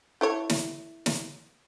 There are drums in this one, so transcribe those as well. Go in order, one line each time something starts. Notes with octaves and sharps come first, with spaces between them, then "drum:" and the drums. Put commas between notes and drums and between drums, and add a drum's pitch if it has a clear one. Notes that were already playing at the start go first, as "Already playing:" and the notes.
E4 A4 C#5
drum: snare
drum: snare